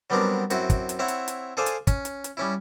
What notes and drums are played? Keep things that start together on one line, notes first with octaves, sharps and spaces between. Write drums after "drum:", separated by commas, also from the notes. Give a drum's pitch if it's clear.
F#3 G3 B3 C4 D4 A#4
F#2 C4 E4 F#4, drum: hi-hat
drum: kick, hi-hat
drum: hi-hat
C4 E4 C#5 E5 F#5
drum: hi-hat
drum: hi-hat
G#4 A4 C5 D5 F5 G#5
drum: hi-hat
C#4, drum: kick, hi-hat
drum: hi-hat
drum: hi-hat
G3 C#4 E4